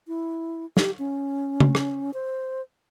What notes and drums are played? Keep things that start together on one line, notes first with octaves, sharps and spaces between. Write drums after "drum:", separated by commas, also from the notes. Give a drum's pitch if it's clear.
E4
G4, drum: snare
C#4
drum: tom C#3
drum: rim click
C5